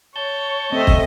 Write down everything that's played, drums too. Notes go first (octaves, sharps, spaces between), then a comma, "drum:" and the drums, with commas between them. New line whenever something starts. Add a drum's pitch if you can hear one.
C#5 A5 G6
A3 C4 D#5
drum: kick